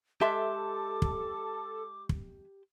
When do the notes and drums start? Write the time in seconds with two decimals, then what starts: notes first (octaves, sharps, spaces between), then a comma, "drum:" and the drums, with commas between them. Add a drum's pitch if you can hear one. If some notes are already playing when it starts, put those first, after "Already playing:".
0.21 G#3 G4 A4 E5 A5 C6 D6
1.02 drum: kick
2.09 drum: kick